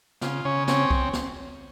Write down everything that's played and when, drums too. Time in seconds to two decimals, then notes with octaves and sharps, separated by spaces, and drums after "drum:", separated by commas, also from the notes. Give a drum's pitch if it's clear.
0.22 C#3 F4, drum: snare
0.45 C#3 C#4 C#5
0.67 C4 C#4 C#5, drum: snare
0.91 drum: kick
1.13 drum: snare